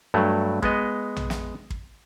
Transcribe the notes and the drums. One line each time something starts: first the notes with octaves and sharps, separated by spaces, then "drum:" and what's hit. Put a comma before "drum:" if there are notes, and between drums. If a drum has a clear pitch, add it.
G2 F#3 A3
G#3 B3 D#5, drum: kick
drum: tom A#1
drum: snare
drum: kick